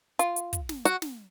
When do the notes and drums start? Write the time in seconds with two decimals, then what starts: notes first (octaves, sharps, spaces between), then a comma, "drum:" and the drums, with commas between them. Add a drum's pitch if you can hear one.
0.19 F4, drum: hi-hat
0.36 drum: hi-hat
0.53 drum: kick, hi-hat
0.69 drum: snare
0.85 F#4, drum: hi-hat
1.02 drum: snare